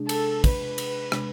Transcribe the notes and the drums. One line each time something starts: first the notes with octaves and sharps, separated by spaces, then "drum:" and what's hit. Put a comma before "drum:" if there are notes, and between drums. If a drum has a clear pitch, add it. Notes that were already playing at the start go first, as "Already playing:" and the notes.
Already playing: C3 G#3 D4 G#4
A4, drum: cymbal
B4, drum: kick, cymbal
drum: cymbal
C3 G#3 D4, drum: rim click